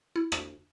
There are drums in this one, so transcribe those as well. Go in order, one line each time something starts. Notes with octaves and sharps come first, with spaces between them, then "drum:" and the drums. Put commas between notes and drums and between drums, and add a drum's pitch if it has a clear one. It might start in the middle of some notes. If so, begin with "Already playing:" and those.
E4
drum: rim click